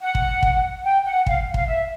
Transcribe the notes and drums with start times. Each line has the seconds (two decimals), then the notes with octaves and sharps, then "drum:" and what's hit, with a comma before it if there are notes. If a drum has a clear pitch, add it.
0.01 F#5
0.15 drum: kick
0.43 drum: kick
0.84 G5
1.05 F#5
1.27 F5, drum: kick
1.54 F5, drum: kick
1.67 E5